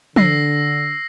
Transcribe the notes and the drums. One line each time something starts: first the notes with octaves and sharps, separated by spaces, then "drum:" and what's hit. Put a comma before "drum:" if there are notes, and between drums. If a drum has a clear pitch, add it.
D3 E6 A#6 C7, drum: tom